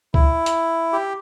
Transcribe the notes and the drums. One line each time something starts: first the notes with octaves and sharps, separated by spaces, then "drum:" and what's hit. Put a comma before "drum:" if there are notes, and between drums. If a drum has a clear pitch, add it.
E4, drum: kick C2
drum: hi-hat
G4